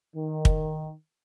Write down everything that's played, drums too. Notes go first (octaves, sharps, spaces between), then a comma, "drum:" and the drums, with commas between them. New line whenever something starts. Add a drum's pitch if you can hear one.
D#3
drum: kick